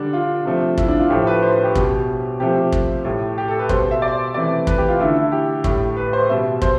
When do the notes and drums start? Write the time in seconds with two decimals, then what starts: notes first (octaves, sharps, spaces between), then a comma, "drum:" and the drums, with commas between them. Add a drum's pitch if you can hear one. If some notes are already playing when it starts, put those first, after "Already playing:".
Already playing: D3 G3 D4
0.13 F4
0.45 C3 F3 A3
0.78 E4, drum: kick
0.88 D4
1.00 F4
1.10 A2 F3 A3 G4
1.27 B4
1.42 C5
1.53 B4
1.64 G4
1.75 B2 G3, drum: kick
2.40 C3 F3 A3 G4
2.72 drum: kick
3.05 A2 G3
3.38 G4
3.48 A4
3.59 B4
3.69 B2 G3 C5, drum: kick
3.91 E5
4.02 D5
4.34 C3 E3 A3 D5
4.67 B4, drum: kick
4.78 G4
4.89 F4
4.99 D3 A3 E4
5.16 E4
5.32 G4
5.64 A2 G3, drum: kick
5.97 B4
6.13 C5
6.29 B2 G3 E5
6.62 C5, drum: kick